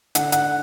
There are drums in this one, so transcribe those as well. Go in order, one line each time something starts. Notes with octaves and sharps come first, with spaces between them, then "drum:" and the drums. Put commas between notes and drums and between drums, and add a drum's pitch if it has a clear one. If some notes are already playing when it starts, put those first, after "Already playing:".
D3 F#5, drum: hi-hat
F#5, drum: hi-hat